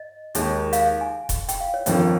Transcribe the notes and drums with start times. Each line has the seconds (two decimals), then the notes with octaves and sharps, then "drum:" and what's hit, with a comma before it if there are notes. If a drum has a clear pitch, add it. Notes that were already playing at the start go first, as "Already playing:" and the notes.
Already playing: D#5
0.35 D#2 D#3 G#3 D#4, drum: hi-hat
0.73 F5, drum: hi-hat
1.01 G#5
1.29 drum: kick E1, hi-hat
1.49 G5, drum: hi-hat
1.61 F5
1.74 C#5
1.86 G1 F2 D#3 C5, drum: hi-hat